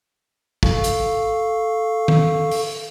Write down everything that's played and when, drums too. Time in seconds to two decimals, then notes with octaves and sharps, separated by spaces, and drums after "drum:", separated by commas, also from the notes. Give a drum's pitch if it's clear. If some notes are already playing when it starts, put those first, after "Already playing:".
0.63 A4 F5 C#6, drum: kick
0.84 drum: hi-hat
2.08 drum: tom D#3
2.51 drum: open hi-hat